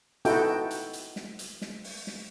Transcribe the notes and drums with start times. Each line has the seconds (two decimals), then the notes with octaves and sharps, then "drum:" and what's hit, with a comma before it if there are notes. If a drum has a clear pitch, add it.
0.25 D#4 E4 F#4 A4 G5, drum: hi-hat
0.71 drum: hi-hat
0.93 drum: hi-hat
1.16 drum: snare
1.39 drum: hi-hat
1.62 drum: snare
1.84 drum: open hi-hat
2.07 drum: snare